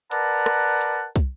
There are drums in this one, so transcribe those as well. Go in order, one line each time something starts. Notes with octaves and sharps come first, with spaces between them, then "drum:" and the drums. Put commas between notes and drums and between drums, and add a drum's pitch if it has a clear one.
A#4 B4 D5 F#5 A5 A#5, drum: hi-hat
drum: rim click
drum: hi-hat
drum: kick, hi-hat